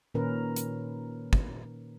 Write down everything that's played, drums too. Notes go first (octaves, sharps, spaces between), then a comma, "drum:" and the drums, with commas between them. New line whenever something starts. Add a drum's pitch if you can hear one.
A#2 D#3 C#4 A#4 B4
drum: hi-hat
drum: kick